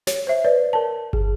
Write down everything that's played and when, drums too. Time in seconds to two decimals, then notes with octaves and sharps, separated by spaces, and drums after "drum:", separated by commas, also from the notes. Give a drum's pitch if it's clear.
0.07 C#5, drum: snare
0.27 C5 E5
0.45 B4 C#5 D5
0.73 A#4 A5
1.13 G#4, drum: kick